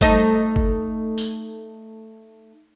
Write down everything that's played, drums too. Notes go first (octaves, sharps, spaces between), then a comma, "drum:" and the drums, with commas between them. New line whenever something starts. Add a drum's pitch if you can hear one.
A3 D#4 D#5, drum: kick G1
drum: kick G1
drum: tambourine